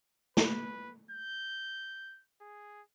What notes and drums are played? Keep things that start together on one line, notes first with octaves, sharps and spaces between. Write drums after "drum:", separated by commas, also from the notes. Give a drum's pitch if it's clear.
B4, drum: snare
G6
G#4